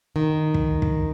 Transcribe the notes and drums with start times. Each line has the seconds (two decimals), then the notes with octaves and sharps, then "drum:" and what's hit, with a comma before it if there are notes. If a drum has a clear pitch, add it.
0.16 D#3
0.54 drum: kick
0.82 drum: kick